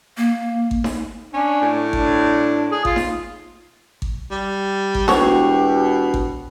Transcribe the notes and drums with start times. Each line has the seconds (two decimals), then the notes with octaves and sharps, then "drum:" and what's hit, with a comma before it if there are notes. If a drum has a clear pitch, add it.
0.17 A#3
0.71 drum: kick G#1
0.84 drum: snare D#4
1.34 C#4 D4
1.62 A2
1.93 D4, drum: kick G#1
2.71 G#4
2.85 F4, drum: kick G#1
2.96 drum: snare D#4
4.02 drum: kick G#1
4.31 G3
4.95 drum: kick G#1
5.08 E1 B2 F#4 G4 C5 C#5, drum: snare D#4
6.14 drum: kick G#1